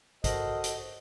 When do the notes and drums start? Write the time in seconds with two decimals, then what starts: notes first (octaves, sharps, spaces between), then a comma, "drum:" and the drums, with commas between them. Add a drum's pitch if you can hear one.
0.24 F#4 A4 A#4 C5 D#5, drum: kick A1, hi-hat
0.64 drum: hi-hat